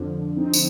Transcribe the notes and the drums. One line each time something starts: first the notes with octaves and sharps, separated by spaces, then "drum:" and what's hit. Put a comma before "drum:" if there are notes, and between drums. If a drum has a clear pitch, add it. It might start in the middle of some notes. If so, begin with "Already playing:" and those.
Already playing: F2 D3 F3
C4 D#4
drum: tambourine